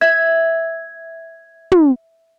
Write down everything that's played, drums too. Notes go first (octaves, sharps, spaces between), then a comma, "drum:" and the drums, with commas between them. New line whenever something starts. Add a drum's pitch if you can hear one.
E5 G#6
drum: tom